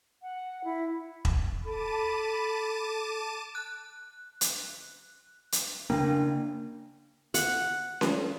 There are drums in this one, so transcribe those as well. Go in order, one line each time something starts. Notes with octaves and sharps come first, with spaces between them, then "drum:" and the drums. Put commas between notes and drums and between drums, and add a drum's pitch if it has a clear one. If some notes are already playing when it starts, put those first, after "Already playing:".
F#5
E4
drum: kick E1
A4 A5 B5 D6 D#7
F#6
drum: hi-hat
drum: hi-hat
C#3 A#3 D4
F#5, drum: hi-hat
drum: snare C#4